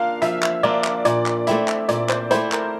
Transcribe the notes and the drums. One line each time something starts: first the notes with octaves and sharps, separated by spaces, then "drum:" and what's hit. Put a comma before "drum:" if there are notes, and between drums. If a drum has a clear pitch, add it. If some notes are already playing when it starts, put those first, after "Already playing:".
Already playing: A#3 D4 F4 F5
F3 E5, drum: hi-hat
drum: clap
A#3 D4 F4 D5
drum: clap
A#2 D5, drum: hi-hat
drum: clap
A3 C4 E4 E5, drum: hi-hat
drum: clap
A#2 D5, drum: hi-hat
C5, drum: clap
A3 C4 E4 C5, drum: hi-hat
A#4, drum: clap